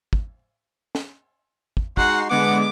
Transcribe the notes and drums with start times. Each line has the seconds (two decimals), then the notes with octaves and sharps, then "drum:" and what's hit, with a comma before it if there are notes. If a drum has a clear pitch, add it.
0.13 drum: kick
0.95 drum: snare
1.77 drum: kick
1.97 G#3 D#4 F#4 F#5 C7, drum: kick
2.30 D3 G#3 B3 F#5 D6